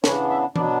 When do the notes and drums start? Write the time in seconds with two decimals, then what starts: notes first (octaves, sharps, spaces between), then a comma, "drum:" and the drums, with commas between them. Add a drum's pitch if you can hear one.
0.04 C#3 E3 B3 D4 C#5, drum: snare
0.30 E5
0.56 B2 F#3 B3 D4 D5, drum: tom E3